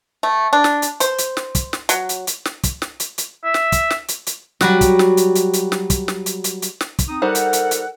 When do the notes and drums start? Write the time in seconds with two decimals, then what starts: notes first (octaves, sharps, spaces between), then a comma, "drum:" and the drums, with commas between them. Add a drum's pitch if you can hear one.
0.23 A3
0.53 D4
0.64 drum: snare
0.82 drum: hi-hat
1.00 C5, drum: hi-hat
1.19 drum: hi-hat
1.37 drum: snare
1.55 drum: kick, hi-hat
1.73 drum: snare
1.89 F#3, drum: hi-hat
2.09 drum: hi-hat
2.27 drum: hi-hat
2.45 drum: snare
2.64 drum: kick, hi-hat
2.82 drum: snare
3.00 drum: hi-hat
3.18 drum: hi-hat
3.45 E5
3.54 drum: snare
3.72 drum: kick, hi-hat
3.90 drum: snare
4.09 drum: hi-hat
4.27 drum: hi-hat
4.61 F#3 G3 F#4, drum: snare
4.81 drum: kick, hi-hat
4.99 drum: snare
5.17 drum: hi-hat
5.35 drum: hi-hat
5.54 drum: hi-hat
5.72 drum: snare
5.90 drum: kick, hi-hat
6.08 drum: snare
6.26 drum: hi-hat
6.44 drum: hi-hat
6.62 drum: hi-hat
6.81 drum: snare
6.99 drum: kick, hi-hat
7.09 C4 D#4 D#6
7.22 G3 D#4 A4 A#4 C5 F#5
7.35 drum: hi-hat
7.53 drum: hi-hat
7.71 drum: hi-hat